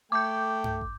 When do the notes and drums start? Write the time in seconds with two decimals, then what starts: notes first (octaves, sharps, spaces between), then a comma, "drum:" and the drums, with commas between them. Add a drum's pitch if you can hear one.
0.12 A3 G5 D6 G6
0.64 drum: tom G2
0.81 drum: kick